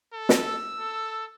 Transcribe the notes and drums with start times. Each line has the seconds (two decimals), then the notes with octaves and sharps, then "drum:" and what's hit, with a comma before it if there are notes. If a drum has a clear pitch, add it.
0.13 A4
0.29 drum: snare
0.46 E6
0.79 A4